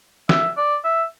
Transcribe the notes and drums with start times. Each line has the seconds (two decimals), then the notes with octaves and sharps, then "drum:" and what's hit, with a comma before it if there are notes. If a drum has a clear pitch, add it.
0.29 E5, drum: snare
0.57 D5
0.84 E5